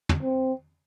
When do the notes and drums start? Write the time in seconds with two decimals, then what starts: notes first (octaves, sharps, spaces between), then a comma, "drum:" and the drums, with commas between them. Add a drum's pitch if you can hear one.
0.09 drum: tom
0.22 C4